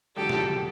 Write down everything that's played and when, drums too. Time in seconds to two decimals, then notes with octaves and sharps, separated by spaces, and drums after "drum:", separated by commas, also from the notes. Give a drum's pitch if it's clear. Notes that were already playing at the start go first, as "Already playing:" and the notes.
0.16 F2 D3 F#3 G4 A4
0.29 drum: snare